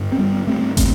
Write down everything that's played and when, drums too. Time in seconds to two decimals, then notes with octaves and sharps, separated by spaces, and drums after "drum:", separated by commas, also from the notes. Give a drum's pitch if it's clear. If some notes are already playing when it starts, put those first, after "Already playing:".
Already playing: G2 D3
0.12 C4
0.18 G3 B3
0.47 A3 C4
0.77 A3 C4, drum: kick, hi-hat